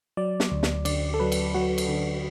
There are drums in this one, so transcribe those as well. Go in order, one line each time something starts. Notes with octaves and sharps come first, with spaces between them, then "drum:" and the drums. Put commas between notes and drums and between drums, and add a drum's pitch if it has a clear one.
F#3 D5
drum: snare
D2
drum: snare
D3 D5, drum: cymbal
A4
F#3 B4
drum: cymbal
F#3 F#4
drum: cymbal
D3